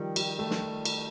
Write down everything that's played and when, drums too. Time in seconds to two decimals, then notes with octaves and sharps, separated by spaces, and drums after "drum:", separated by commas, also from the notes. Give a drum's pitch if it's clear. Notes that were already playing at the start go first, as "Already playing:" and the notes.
Already playing: D#3 F3 G3
0.16 G3, drum: cymbal
0.39 A3
0.51 drum: snare
0.85 drum: cymbal